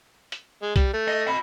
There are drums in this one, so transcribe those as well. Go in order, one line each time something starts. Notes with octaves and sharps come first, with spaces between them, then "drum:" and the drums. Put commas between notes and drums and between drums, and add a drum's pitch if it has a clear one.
drum: hi-hat
G#3
G3, drum: kick B1, hi-hat
A3
D#5
D#5 B5